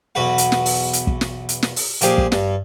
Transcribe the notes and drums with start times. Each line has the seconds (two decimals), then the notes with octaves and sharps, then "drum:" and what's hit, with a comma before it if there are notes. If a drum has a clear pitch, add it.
0.15 B1 E2 F#4 B4 F#5
0.38 drum: hi-hat
0.52 drum: snare
0.66 drum: open hi-hat
0.93 drum: hi-hat
1.07 drum: kick
1.21 drum: snare
1.49 drum: hi-hat
1.62 drum: snare
1.76 drum: open hi-hat
2.01 A#2 F3 G4 G#4 C6, drum: hi-hat
2.18 drum: kick
2.32 G2, drum: snare